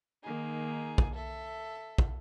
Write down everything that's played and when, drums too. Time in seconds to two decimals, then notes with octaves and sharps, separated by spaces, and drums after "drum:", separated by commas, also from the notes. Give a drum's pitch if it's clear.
0.23 D#3 A#3 D#4 G#4
0.98 drum: kick
1.14 A4 E5
1.98 drum: kick